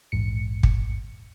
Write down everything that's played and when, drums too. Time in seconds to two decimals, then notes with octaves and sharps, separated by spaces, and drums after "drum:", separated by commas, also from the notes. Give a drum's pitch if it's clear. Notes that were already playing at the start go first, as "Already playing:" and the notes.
0.12 A#1 E2 G#2 C#7
0.63 drum: kick